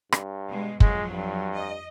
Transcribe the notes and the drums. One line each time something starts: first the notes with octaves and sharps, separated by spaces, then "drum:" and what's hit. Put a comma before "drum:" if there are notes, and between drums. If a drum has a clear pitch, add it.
G2, drum: rim click
B2 G#3
F2 F3 F#3 G#3, drum: kick
G2
D#5